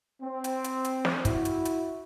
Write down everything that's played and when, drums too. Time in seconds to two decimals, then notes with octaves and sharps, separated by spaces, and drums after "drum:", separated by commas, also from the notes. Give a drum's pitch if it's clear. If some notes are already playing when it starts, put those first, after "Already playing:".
0.22 C4
0.44 drum: hi-hat
0.64 drum: hi-hat
0.85 drum: hi-hat
1.05 drum: snare
1.25 E4 F#4, drum: kick, hi-hat
1.45 drum: hi-hat
1.65 drum: hi-hat